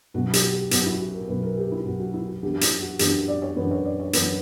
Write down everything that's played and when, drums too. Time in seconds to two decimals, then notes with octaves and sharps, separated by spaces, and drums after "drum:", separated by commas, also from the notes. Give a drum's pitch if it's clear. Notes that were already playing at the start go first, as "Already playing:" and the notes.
0.14 B1 B2 F#3 C#4 F#4
0.33 G4, drum: hi-hat
0.52 G4
0.71 B1 B2 F#3 C#4 F#4, drum: hi-hat
0.86 E4
1.00 F#4
1.14 A#4
1.28 B1 B2 F#3 C#4 B4
1.43 A#4
1.57 G4
1.72 E4
1.85 B1 B2 F#3 C#4 F#4
2.00 F#4
2.14 E4
2.28 F#4
2.42 F#2 E3 B3 D4 G4
2.61 E4, drum: hi-hat
2.80 F#4
2.99 F#2 E3 B3 D4 G4, drum: hi-hat
3.28 D5
3.42 C#5
3.56 F#2 E3 B3 D4 B4
3.71 C#5
3.85 D5
4.00 C#5
4.13 F#2 E3 B3 D4 B4, drum: hi-hat